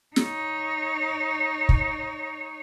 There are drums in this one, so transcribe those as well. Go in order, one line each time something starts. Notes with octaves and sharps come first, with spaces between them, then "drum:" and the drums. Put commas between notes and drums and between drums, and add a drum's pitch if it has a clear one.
D#4 C#5, drum: snare
drum: kick